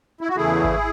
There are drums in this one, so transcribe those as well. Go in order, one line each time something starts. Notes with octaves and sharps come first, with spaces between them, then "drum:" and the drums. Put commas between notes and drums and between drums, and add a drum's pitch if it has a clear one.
E4
F#4
E2 C#3 E3 A3 E4 G#4
drum: kick G#1